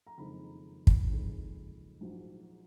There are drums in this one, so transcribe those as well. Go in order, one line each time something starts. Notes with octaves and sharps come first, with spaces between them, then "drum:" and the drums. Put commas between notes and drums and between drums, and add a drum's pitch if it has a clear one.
A#5
F#1 F2 D#3 G#3 B5
drum: kick
F#1 F2 D#3 G#3
A#1 G#2 F#3